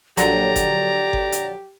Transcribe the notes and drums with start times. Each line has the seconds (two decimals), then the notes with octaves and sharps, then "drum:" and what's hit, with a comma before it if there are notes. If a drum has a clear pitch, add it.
0.17 A#1 D3 F#3 G4 D5 A#5, drum: hi-hat
0.56 drum: kick G1, hi-hat
1.13 drum: kick G1
1.32 drum: hi-hat